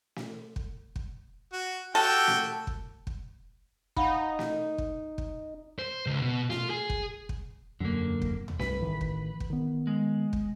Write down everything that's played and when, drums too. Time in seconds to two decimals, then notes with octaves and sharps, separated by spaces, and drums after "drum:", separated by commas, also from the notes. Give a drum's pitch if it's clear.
0.16 drum: snare
0.56 drum: kick
0.96 drum: kick
1.53 F#4
1.95 F#4 G4 A4 G5
2.28 drum: snare
2.67 drum: kick
3.07 drum: kick
3.97 D#4 F5 F#5 B5, drum: kick
4.39 drum: snare
4.78 drum: kick
5.18 drum: kick
5.79 C5
6.06 C#2
6.22 B2
6.50 F4, drum: snare
6.70 G#4
6.90 drum: kick
7.29 drum: kick
7.80 E1 F#2 D3 A#3
8.22 drum: kick
8.48 drum: tom D#2
8.59 C2 G2 B4, drum: snare
8.82 A1 D#3 E3
9.01 drum: kick
9.40 drum: kick
9.50 D#3 B3
9.87 G#3
10.33 drum: kick